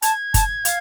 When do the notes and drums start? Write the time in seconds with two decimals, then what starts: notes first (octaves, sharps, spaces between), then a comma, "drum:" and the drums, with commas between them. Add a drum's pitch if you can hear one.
0.02 A5 G#6, drum: hi-hat
0.34 A5, drum: kick F#1, hi-hat
0.65 F5, drum: hi-hat